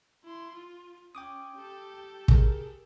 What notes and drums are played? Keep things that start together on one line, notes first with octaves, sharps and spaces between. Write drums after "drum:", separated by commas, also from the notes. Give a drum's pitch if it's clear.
E4 C6
F4
C#4 G5 D6 D#6
G4 A4
G#4 A#4, drum: kick